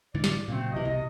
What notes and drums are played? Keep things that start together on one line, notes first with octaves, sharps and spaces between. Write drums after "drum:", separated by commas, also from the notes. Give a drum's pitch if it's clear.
G#2 D3 E3 D5
drum: snare
A#2 C#3 F#3 A3 A#3 C4
G1 C3 E3 D#5
C2 B2